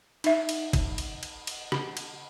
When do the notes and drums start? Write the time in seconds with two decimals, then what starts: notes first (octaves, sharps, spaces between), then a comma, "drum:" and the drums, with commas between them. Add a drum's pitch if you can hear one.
0.24 D#4 E5, drum: cymbal
0.49 drum: cymbal
0.73 drum: kick G1, cymbal
0.98 drum: cymbal
1.23 drum: cymbal
1.47 drum: cymbal
1.72 drum: rim click
1.97 drum: cymbal